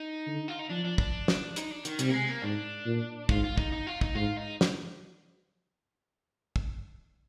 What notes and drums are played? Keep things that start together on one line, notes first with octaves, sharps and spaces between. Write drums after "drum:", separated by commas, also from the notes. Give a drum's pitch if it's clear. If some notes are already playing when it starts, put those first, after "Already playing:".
Already playing: D#4
D3
F4
D#4
F3 D4
D4
D4, drum: kick
drum: snare
D#4, drum: hi-hat
D4
D#3, drum: hi-hat
C3 G3, drum: hi-hat
A#3
G#3
A#3
G#2 D4
A#2
G#2 F4, drum: kick
F4
D#4, drum: kick
D#4
F4
D#4, drum: kick
G#2 F4
D#4
drum: snare
drum: kick